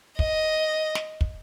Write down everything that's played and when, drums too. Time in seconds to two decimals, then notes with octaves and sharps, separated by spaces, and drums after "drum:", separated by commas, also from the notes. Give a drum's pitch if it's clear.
0.19 D#5, drum: kick
0.95 drum: snare
1.21 drum: kick